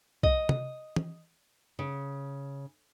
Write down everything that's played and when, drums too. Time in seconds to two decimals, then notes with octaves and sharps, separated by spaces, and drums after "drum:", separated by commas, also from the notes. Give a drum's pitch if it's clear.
0.23 D#5, drum: kick B1
0.49 drum: tom
0.96 drum: tom
1.79 C#3